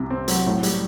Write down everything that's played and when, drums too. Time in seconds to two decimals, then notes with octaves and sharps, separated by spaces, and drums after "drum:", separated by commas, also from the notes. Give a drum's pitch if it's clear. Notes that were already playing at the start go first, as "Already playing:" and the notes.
Already playing: C2 C3
0.10 C4
0.28 F#3, drum: hi-hat
0.46 A2
0.63 G3, drum: hi-hat